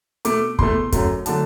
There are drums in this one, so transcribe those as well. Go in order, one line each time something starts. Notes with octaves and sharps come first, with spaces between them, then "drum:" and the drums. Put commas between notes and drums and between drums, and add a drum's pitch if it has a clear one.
B2 A3 D6, drum: hi-hat
E2 B2 A3 C6, drum: kick
F#2 F#3 A3, drum: kick, hi-hat
D3 F#3 A3 A5, drum: hi-hat